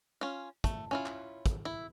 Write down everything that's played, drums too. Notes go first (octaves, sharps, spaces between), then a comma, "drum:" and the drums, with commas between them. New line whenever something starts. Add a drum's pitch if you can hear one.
C#4 F4
A3, drum: kick, hi-hat
C#4 E4 F4
drum: clap
drum: kick, hi-hat
E4